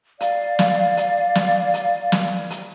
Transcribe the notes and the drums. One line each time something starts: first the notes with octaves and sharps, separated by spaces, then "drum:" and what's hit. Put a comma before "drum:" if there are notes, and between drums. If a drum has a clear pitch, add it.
D5 F5, drum: hi-hat
drum: snare
drum: hi-hat
drum: snare
drum: hi-hat
drum: snare
drum: hi-hat